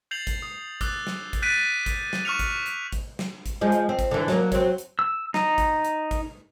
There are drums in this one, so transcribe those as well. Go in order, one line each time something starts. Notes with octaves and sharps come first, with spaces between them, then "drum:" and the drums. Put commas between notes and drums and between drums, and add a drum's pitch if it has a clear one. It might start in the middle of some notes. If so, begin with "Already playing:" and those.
G6 A6 C7 F7 F#7
drum: kick, hi-hat
D#6
D6 E6 F#6 A6, drum: kick, hi-hat
drum: snare
drum: kick, hi-hat
F#6 G6 A6 B6 D7 D#7
drum: kick, hi-hat
drum: snare
C#6 D#6 F6 A6 C#7 F7
drum: kick, hi-hat
drum: hi-hat
drum: kick, hi-hat
drum: snare
drum: kick, hi-hat
F3 G#3
drum: hi-hat
C4
drum: kick, hi-hat
D3 E3
F#3 A#3, drum: snare
F#3 C4, drum: kick, hi-hat
drum: hi-hat
E6
D#4, drum: snare
drum: kick, hi-hat
drum: hi-hat
drum: kick, hi-hat